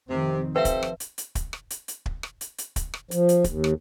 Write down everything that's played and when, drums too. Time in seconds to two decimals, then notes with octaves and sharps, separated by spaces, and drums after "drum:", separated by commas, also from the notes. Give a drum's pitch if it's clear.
0.10 F1 C3 D#3 C4
0.56 F2 G4 A4 B4 C5 E5 F5
0.65 drum: kick, hi-hat
0.83 drum: rim click
1.00 drum: hi-hat
1.18 drum: hi-hat
1.35 drum: kick, hi-hat
1.53 drum: rim click
1.70 drum: hi-hat
1.88 drum: hi-hat
2.06 drum: kick
2.23 drum: rim click
2.41 drum: hi-hat
2.58 drum: hi-hat
2.76 drum: kick, hi-hat
2.94 drum: rim click
3.11 F3, drum: hi-hat
3.29 drum: hi-hat
3.44 D#2, drum: kick, hi-hat
3.64 drum: rim click